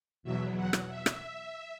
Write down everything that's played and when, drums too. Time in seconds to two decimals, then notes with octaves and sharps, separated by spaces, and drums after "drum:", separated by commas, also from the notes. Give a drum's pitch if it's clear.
0.23 E2 B2 F#3 E5
0.57 F#5
0.73 drum: rim click
0.89 E5
1.06 drum: rim click